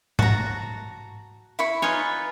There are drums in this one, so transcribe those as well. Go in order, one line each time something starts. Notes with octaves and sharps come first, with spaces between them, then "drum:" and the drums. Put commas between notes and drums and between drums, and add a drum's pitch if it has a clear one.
F#4 A5 A#5, drum: tom G#2
E4 B5 C#6
D#4 F4 B4 C#5 G#5